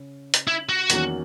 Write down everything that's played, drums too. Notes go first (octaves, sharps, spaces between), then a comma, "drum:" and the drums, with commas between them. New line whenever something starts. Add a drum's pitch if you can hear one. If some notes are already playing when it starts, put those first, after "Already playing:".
Already playing: C#3
drum: hi-hat
E4
F#4
E2 D#3 F#3 A#3 C#4, drum: hi-hat